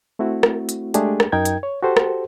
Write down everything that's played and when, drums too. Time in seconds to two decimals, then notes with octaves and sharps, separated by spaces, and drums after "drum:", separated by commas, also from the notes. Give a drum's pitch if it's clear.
0.19 A3 C4 E4 F#4
0.43 drum: rim click
0.69 drum: hi-hat
0.94 G#3 A3 D4 G4 G#4, drum: hi-hat
1.20 drum: rim click
1.32 F#2 D#4 A#4 G5 G#6
1.45 drum: hi-hat
1.63 C#5
1.82 F#4 G4 A4 C5
1.97 drum: rim click